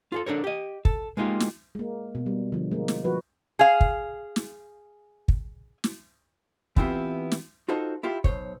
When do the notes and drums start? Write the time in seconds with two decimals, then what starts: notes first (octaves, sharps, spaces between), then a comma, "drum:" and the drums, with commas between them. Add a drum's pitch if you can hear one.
0.12 F4 G#4 A4
0.26 D4 A4 A#4 C#5
0.44 G4 D#5
0.85 A4, drum: kick
1.17 G#3 A#3 D#4 F4 G4
1.40 drum: snare
1.75 G#3 A#3
2.15 B2
2.26 G3
2.52 D3 F3
2.71 G#3 A#3
2.88 drum: snare
3.04 F3 F#4 B4
3.59 G#4 F5
3.81 drum: kick
4.36 drum: snare
5.28 drum: kick
5.84 drum: snare
6.76 E3 B3 C4 E4 F4 G4, drum: kick
7.32 drum: snare
7.68 D#4 F4 F#4 A4 C5 D#5
8.03 E4 F4 G4 F5
8.24 B1 G2 C5 C#5, drum: kick